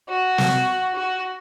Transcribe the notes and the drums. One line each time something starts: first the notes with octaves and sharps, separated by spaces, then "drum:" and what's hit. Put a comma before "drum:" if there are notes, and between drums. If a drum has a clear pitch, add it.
F#4
drum: snare
F#4